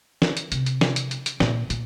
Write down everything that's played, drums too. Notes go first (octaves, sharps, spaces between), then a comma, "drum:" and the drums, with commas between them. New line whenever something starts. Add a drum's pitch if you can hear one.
drum: snare
drum: hi-hat
C3, drum: hi-hat
drum: hi-hat
drum: snare
drum: hi-hat
drum: hi-hat
drum: hi-hat
A#2, drum: snare
A#2, drum: hi-hat